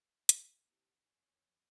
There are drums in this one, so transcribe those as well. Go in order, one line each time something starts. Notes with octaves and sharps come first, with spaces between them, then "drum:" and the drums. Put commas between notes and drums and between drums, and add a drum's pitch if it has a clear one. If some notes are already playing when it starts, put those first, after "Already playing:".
drum: hi-hat
C3 A#3 C4 E4
F2 C#5 G#5